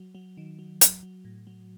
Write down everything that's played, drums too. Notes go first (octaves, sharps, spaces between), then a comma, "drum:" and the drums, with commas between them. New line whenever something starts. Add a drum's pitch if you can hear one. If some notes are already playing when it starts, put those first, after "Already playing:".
Already playing: F#3
F#3
D#3
F#3
F#3, drum: hi-hat
F#3
A2
F#3